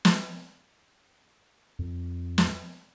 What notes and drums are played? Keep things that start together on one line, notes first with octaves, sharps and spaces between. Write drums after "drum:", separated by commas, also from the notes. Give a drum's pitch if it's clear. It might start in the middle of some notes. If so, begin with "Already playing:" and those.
drum: snare
F2
drum: snare